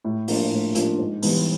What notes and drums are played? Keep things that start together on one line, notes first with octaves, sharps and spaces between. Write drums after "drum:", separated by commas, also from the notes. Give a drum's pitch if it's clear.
A2
F3 A#3 D4 F4, drum: open hi-hat
A2
F3 A#3 D4 F4, drum: hi-hat
G#2
E3 G3 B3, drum: open hi-hat